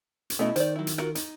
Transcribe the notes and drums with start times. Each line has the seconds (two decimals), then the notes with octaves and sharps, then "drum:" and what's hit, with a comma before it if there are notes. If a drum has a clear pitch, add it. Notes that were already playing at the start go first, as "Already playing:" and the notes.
0.30 drum: hi-hat
0.39 B2 A3 C#4 E4 D#5
0.56 D#3 C5 D5, drum: hi-hat
0.76 F#3 E4
0.87 drum: hi-hat
0.98 F4 F#4 A#4, drum: rim click
1.15 D#4, drum: hi-hat